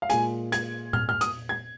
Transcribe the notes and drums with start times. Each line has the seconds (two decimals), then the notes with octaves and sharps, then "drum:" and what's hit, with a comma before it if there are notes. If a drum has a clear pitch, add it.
0.02 F5
0.10 A#2 G#3 G#5, drum: hi-hat
0.52 G#6, drum: hi-hat
0.93 F6, drum: tom A#2
1.09 F6
1.21 D#6, drum: hi-hat
1.49 G#6